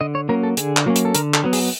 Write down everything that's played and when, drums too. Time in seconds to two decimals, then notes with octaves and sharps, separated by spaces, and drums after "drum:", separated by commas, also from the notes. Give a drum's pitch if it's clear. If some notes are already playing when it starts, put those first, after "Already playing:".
0.01 D3 D#5
0.15 C#5
0.29 F#3 A#3 C#4 A#4
0.43 A4
0.57 D3 G#4, drum: hi-hat
0.77 drum: clap
0.86 F#3 A#3 C#4
0.96 drum: hi-hat
1.05 A4
1.15 D3 A#4, drum: hi-hat
1.34 A4, drum: clap
1.44 F#3 B3
1.53 G#4, drum: open hi-hat